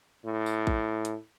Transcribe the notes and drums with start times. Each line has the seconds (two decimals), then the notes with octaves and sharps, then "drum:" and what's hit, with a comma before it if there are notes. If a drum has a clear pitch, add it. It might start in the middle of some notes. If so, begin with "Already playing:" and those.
0.25 A2
0.46 drum: tambourine
0.67 drum: kick A#1
1.05 drum: hi-hat